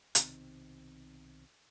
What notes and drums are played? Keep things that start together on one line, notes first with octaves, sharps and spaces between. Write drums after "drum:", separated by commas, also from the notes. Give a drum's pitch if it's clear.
B1 C3 D#3 C4, drum: hi-hat